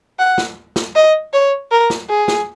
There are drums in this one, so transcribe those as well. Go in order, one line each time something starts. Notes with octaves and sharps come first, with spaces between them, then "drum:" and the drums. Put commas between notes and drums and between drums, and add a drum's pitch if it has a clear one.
F#5
drum: snare
drum: snare
D#5
C#5
A#4
drum: snare
G#4
drum: snare